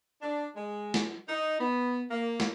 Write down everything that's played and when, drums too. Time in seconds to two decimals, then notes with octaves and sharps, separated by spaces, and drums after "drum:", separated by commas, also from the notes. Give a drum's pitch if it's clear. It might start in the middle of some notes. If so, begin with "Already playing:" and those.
0.21 D4
0.56 G#3
0.94 drum: snare
1.27 D#4
1.59 B3
2.11 A#3
2.40 drum: snare